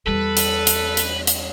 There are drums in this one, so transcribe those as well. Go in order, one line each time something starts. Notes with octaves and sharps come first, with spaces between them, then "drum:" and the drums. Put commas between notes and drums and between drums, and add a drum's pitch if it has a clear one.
E2 G3 A4 B4
drum: hi-hat
drum: hi-hat
drum: hi-hat
drum: hi-hat